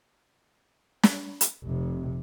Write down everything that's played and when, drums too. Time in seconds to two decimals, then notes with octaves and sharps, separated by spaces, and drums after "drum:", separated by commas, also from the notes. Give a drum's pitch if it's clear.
1.03 drum: snare
1.41 drum: hi-hat
1.64 F1 C3